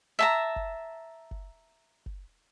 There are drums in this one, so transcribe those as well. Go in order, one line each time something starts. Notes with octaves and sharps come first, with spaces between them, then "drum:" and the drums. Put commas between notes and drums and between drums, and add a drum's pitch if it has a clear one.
E5 A5 A#5
drum: kick F#1
drum: kick F#1
drum: kick F#1